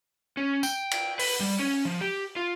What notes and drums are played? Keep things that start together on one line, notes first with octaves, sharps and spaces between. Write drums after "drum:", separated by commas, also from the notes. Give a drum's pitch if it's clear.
C#4
G5, drum: tambourine
drum: cymbal
B4, drum: open hi-hat
G3
C#4
F3
G4
F4